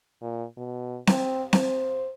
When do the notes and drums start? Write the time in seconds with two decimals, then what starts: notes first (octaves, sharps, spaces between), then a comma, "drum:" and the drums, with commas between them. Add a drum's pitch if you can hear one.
0.22 A#2
0.57 B2
1.07 C4, drum: snare C4
1.53 C5, drum: snare C4